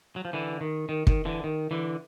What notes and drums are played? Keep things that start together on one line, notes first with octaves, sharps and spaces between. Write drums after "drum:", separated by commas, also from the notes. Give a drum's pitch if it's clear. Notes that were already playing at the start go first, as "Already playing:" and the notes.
F#3
F3
D3 E3
D#3
D#3
D#3, drum: kick
D3 E3
D#3
D3 E3